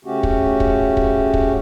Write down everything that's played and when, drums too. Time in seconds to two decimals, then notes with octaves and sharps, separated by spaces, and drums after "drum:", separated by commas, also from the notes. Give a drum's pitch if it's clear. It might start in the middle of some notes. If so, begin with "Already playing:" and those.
0.05 C#3 A3 C#4 F#4 G4
0.23 drum: kick
0.60 drum: kick
0.97 drum: kick
1.34 drum: kick